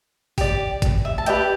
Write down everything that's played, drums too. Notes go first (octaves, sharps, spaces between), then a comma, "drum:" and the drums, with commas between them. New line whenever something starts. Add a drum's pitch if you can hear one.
G4 D5, drum: kick G1, open hi-hat
drum: kick G1, hi-hat
E5
A5
G4 B4 D5 E5 G5, drum: hi-hat